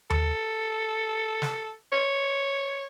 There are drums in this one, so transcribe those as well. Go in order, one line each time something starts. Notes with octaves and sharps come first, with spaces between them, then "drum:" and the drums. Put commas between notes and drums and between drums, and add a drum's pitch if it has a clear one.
A4, drum: tom D#2
drum: snare
C#5